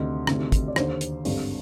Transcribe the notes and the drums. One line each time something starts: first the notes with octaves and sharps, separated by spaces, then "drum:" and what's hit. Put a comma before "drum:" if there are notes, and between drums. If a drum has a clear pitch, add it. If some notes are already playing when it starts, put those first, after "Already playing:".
Already playing: D2 C3 D#3 D#5
D2 C3 D#3, drum: rim click
drum: kick, hi-hat
D5
D#2 D3 C5, drum: rim click
drum: hi-hat
G#1 G2 D3, drum: open hi-hat